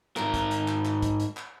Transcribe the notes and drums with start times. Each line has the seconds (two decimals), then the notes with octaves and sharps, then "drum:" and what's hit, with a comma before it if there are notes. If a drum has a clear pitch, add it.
0.17 G#2 A#4, drum: clap
0.34 drum: kick, hi-hat
0.51 drum: hi-hat
0.68 drum: clap
0.85 drum: clap
1.02 drum: kick, hi-hat
1.20 drum: hi-hat
1.37 drum: clap